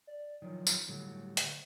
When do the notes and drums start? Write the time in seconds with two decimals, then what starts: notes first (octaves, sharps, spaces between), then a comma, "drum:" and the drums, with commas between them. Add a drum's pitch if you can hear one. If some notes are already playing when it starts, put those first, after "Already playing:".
0.07 D5
0.42 D#3 F3 F#3
0.67 drum: tambourine
0.88 A2 D3 F#3 G3
1.37 drum: hi-hat